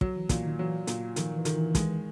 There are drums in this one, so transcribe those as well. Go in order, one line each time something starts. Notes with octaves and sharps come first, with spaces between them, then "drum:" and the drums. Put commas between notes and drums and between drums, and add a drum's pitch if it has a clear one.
F#3, drum: kick
E3
A#2 E3, drum: kick, hi-hat
D#3
E3 F#3
A#2, drum: hi-hat
D#3 F3, drum: hi-hat
E3
D#3, drum: hi-hat
E3
G#3, drum: kick, hi-hat